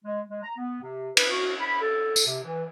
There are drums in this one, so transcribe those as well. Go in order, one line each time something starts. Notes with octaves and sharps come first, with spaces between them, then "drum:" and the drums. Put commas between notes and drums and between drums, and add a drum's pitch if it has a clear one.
G#3
G#3
A#5
B3
C3
B4, drum: cymbal
F#4
B5
A4
drum: tambourine
C3
E3